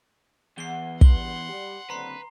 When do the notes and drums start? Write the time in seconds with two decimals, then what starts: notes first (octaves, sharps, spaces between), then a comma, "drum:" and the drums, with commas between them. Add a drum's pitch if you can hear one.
0.58 E2 F#5 C7 G7
1.01 G2 F#5 C6 G7, drum: kick
1.48 G3
1.90 F#1 D3 C4 B4 A#5 C6 C7